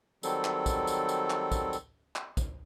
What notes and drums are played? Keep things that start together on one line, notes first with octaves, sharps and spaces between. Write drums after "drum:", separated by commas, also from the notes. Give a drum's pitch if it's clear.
D#3 F#3 G3 C4 A4, drum: tambourine
drum: clap
drum: kick, tambourine
drum: tambourine
drum: tambourine
drum: clap
drum: kick, tambourine
drum: tambourine
drum: clap
drum: kick, tambourine